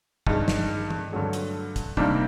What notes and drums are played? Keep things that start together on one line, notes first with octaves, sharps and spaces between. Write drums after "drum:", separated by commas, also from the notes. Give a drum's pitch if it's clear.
G2 D#3 G#3, drum: kick
drum: snare
drum: tom
G2 D3 F#3 A3
drum: hi-hat
drum: kick, hi-hat
C3 D#3 G3 A#3 D4, drum: kick